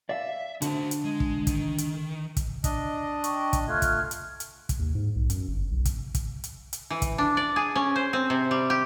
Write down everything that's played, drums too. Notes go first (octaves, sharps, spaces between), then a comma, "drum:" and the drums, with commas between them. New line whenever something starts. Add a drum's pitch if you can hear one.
D5 E5 F5
D3 F#4 C5, drum: hi-hat
drum: hi-hat
G#3
drum: kick
D#3, drum: kick, hi-hat
drum: hi-hat
drum: kick, hi-hat
D4 D#5, drum: kick, hi-hat
G5 C#6, drum: hi-hat
drum: kick, hi-hat
A3 F4 F6 F#6 G#6
drum: kick, hi-hat
drum: hi-hat
drum: hi-hat
drum: kick, hi-hat
D#2
G#2
B1
F#2, drum: hi-hat
G1
B1
drum: kick, hi-hat
drum: kick, hi-hat
drum: hi-hat
drum: hi-hat
E3
drum: kick, hi-hat
D4
D5
G#4
C#4
C5
C4
C3
G3
G4